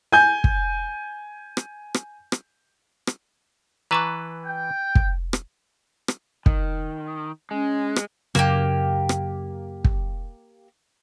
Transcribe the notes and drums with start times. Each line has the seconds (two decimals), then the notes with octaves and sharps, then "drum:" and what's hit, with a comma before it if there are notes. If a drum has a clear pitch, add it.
0.12 G#5 G6
0.44 drum: kick
1.57 drum: rim click
1.94 drum: rim click
2.32 drum: rim click
3.07 drum: rim click
3.91 E3 B4 A5 A#5 C#6 D6
4.45 G5
4.95 drum: kick
5.33 drum: rim click
6.08 drum: rim click
6.46 D#3, drum: kick
7.51 G#3 C#4
7.96 drum: rim click
8.35 F#2 C#3 F#3 A#3 G4, drum: rim click
9.09 drum: rim click
9.84 drum: kick